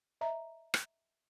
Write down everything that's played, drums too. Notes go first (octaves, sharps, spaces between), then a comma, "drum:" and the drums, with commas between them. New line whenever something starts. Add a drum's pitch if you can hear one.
D#5 E5 A#5
drum: rim click